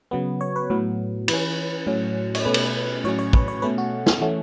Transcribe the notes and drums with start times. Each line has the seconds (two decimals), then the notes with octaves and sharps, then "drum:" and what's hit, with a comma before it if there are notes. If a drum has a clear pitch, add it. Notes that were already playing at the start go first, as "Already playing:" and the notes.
0.11 C#3 F#3 B3
0.41 C#5
0.56 B4
0.70 A2 F#3 B3
1.28 E3 B4, drum: cymbal
1.33 C#4
1.87 A2 F#3 C#4
2.35 C#5, drum: cymbal
2.45 B2 A3 C#4 B4
2.54 drum: cymbal
3.04 A2 F#3 C#4 C#5
3.19 C#5
3.33 B4, drum: kick
3.48 C#5
3.62 B2 A3 C#4 B4
3.78 F#4
4.06 drum: snare
4.21 E3 A3 C#4 F#4